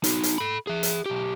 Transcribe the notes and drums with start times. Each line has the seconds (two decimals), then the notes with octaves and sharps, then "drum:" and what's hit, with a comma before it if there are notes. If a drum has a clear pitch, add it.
0.04 D#4 F#4, drum: hi-hat
0.23 drum: hi-hat
0.38 A4 B5
0.67 G#4 E5
0.83 drum: hi-hat
1.06 B1 G4